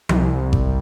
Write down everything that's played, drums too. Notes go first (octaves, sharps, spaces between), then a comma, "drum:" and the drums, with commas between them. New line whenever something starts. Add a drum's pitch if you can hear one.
C2, drum: tom F3
drum: kick G#1